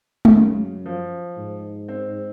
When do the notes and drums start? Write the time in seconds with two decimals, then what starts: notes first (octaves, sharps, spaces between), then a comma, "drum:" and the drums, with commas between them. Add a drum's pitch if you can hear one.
0.25 D#3, drum: tom G#3
0.33 F#2 C#3
0.86 F3
1.38 G#2
1.88 C4